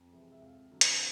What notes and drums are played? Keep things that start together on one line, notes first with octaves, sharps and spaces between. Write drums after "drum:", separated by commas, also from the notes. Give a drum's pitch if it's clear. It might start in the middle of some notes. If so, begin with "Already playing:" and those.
Already playing: F2
C3 E3 G#3
E5
F2 F5
D3 F#3
drum: hi-hat